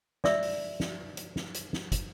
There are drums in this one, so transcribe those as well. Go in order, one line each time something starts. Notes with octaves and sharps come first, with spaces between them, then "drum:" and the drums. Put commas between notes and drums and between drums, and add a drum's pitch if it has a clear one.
D5 E5 E6, drum: snare
drum: open hi-hat
drum: snare
drum: hi-hat
drum: snare
drum: hi-hat
drum: snare
drum: kick, hi-hat